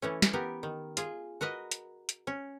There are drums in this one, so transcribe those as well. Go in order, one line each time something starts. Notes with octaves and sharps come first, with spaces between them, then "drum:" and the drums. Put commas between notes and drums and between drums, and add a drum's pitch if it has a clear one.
E3 A3 C#4
drum: snare
B3 G4 A#4
D#3
F4 G#4, drum: hi-hat
F#4 A#4 B4 D#5
drum: hi-hat
drum: hi-hat
C#4